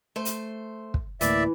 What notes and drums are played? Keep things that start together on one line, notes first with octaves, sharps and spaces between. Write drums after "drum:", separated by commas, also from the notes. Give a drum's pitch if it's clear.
A3 C5
drum: hi-hat
drum: kick
D2 A2 E3 A#3 D5 E5, drum: hi-hat